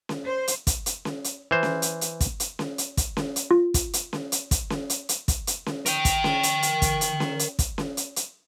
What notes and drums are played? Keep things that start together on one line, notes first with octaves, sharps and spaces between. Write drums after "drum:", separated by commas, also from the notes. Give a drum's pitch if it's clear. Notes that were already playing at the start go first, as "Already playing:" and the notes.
drum: snare C#4
C5
drum: hi-hat
drum: kick, hi-hat
drum: hi-hat
drum: snare C#4
drum: hi-hat
E3 C5
drum: snare C#4
drum: hi-hat
drum: hi-hat
drum: kick, hi-hat
drum: hi-hat
drum: snare C#4
drum: hi-hat
drum: kick, hi-hat
drum: snare C#4
drum: hi-hat
F4
drum: kick, hi-hat
drum: hi-hat
drum: snare C#4
drum: hi-hat
drum: kick, hi-hat
drum: snare C#4
drum: hi-hat
drum: hi-hat
drum: kick, hi-hat
drum: hi-hat
drum: snare C#4
A#4 G5, drum: hi-hat
drum: kick, hi-hat
drum: snare C#4
drum: hi-hat
drum: hi-hat
drum: kick, hi-hat
drum: hi-hat
drum: snare C#4
drum: hi-hat
drum: kick, hi-hat
drum: snare C#4
drum: hi-hat
drum: hi-hat